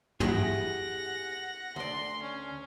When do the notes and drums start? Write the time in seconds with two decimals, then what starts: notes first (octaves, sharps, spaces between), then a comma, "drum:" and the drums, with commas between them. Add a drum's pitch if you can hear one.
0.20 E4 G4 G#4 F#5 A#6, drum: tom
1.76 D2 D5 C6
2.22 C#4